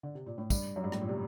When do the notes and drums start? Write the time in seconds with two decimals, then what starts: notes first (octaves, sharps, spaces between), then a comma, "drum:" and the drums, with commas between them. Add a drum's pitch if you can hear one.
0.03 D3
0.15 C3
0.26 A#2
0.38 A2
0.50 G2, drum: kick, tambourine
0.76 F#2
0.84 G2
0.92 A2, drum: rim click
1.01 A#2
1.09 C3